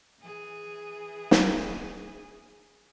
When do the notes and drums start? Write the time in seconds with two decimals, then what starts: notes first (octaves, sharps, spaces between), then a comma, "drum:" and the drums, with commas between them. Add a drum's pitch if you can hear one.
0.20 E3 G#4
1.31 drum: snare